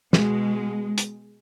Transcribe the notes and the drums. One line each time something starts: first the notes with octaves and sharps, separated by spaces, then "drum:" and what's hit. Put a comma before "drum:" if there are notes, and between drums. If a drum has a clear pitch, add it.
B2 G#3, drum: snare
drum: hi-hat